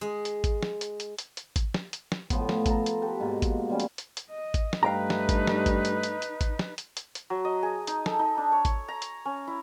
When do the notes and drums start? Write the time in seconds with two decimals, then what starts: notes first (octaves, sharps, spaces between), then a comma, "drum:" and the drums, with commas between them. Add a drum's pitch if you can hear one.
0.01 G#3
0.25 drum: hi-hat
0.44 drum: kick G#1, hi-hat
0.63 drum: snare
0.81 drum: hi-hat
1.00 drum: hi-hat
1.18 drum: hi-hat
1.37 drum: hi-hat
1.56 drum: kick G#1, hi-hat
1.74 drum: snare
1.93 drum: hi-hat
2.12 drum: snare
2.30 A2 F3 B3, drum: kick G#1, hi-hat
2.49 drum: snare
2.66 A4 A#5, drum: kick G#1, hi-hat
2.86 drum: hi-hat
3.02 F#4 G4 A4 B4
3.20 G#2 B2 A#3
3.42 drum: kick G#1, hi-hat
3.70 F3 G3 C#4
3.80 drum: hi-hat
3.98 drum: hi-hat
4.17 drum: hi-hat
4.30 D#5
4.54 drum: kick G#1, hi-hat
4.73 drum: snare
4.83 G2 G3 A3 D#4 B4 F5 G5 A#5
5.10 drum: snare
5.29 drum: kick G#1, hi-hat
5.47 drum: snare
5.66 drum: kick G#1, hi-hat
5.85 drum: hi-hat
6.03 drum: hi-hat
6.22 drum: hi-hat
6.41 drum: kick G#1, hi-hat
6.59 drum: snare
6.78 drum: hi-hat
6.97 drum: hi-hat
7.15 drum: hi-hat
7.30 F#3
7.45 D#5
7.63 G#4
7.87 D#4, drum: hi-hat
8.06 A4, drum: snare
8.19 D#4
8.37 D4
8.52 C#5
8.65 C#5, drum: kick G#1, hi-hat
8.88 A#5
9.02 drum: hi-hat
9.25 C#4
9.47 E4